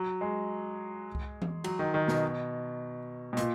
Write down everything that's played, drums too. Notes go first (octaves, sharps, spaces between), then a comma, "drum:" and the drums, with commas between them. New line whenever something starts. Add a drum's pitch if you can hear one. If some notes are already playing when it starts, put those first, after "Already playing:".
Already playing: F#3
G#3
drum: kick C2
drum: tom E3
F#3, drum: cymbal
D#3
D#3
B2, drum: snare
B2
A#2, drum: hi-hat